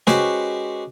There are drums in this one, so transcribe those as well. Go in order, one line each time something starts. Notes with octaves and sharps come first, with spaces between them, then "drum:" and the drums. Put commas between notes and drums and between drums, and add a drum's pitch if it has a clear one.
G#3 C#4 F#4 G4 B4 C5, drum: snare